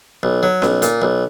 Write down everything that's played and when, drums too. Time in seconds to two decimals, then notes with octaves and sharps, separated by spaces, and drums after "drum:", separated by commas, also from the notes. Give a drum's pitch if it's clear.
0.23 B1
0.43 F#3
0.62 B1, drum: snare C#4
0.82 A#2, drum: hi-hat
1.02 B1